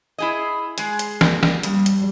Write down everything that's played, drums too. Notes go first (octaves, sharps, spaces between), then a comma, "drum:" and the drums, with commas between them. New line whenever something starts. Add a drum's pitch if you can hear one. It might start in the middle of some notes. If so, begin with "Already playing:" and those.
E4 G#4 D#5
G#3 G#4, drum: hi-hat
drum: hi-hat
drum: snare
drum: snare
F2 G3, drum: hi-hat
drum: hi-hat